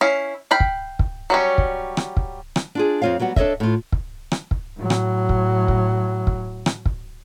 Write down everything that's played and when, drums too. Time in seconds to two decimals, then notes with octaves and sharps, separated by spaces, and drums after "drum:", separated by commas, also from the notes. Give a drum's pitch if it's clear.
0.01 C#4 E4 F5
0.51 F5 G5 B5
0.60 drum: kick
0.99 drum: kick
1.30 F#3 G3 C#4
1.58 drum: kick
1.97 drum: rim click
2.17 drum: kick
2.56 drum: rim click
2.75 D4 F4 G#4
3.02 F2 C4 F4 C#5 F5
3.19 F#3 G3 B3 F#4
3.36 D4 A4 C#5 D#5 E5, drum: kick
3.60 A2 F4
3.92 drum: kick
4.32 drum: rim click
4.51 drum: kick
4.77 A2 F#3
4.90 drum: rim click
5.29 drum: kick
5.68 drum: kick
6.27 drum: kick
6.66 drum: rim click
6.86 drum: kick